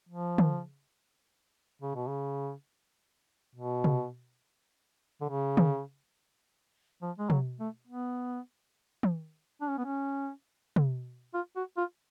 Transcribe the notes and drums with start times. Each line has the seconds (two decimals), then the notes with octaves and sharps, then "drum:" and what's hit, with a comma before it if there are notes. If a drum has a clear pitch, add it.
0.09 F3
0.38 drum: tom
1.82 C#3
1.95 B2
2.08 C#3
3.55 B2
3.84 drum: tom
5.21 D3
5.29 C#3
5.57 drum: tom
7.02 F3
7.18 G#3
7.30 F#3, drum: tom
7.60 A3
7.88 B3
9.03 drum: tom
9.61 D4
9.69 C#4
9.78 B3
9.85 C#4
10.76 drum: tom
11.34 F4
11.56 F#4
11.77 F4